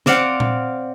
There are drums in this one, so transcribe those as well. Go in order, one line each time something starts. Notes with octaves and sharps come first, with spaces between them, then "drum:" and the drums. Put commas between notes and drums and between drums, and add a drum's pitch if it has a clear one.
C4 D5 F5 F#5, drum: snare
drum: tom A#2